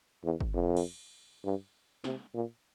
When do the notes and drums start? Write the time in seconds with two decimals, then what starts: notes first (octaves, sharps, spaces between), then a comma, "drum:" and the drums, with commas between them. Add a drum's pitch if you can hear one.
0.25 E2
0.41 drum: kick
0.54 F2
0.77 drum: cymbal
1.45 G2
2.04 C3, drum: snare
2.34 A#2